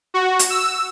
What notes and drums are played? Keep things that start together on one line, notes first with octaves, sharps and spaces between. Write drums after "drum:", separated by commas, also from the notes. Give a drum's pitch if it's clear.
F#4
drum: hi-hat
E6